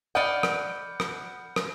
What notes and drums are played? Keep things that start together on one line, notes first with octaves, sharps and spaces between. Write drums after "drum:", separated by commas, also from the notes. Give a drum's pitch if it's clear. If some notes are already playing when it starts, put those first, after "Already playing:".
D5 D#5 F#5 B5 F6 G6
drum: rim click
drum: rim click
drum: rim click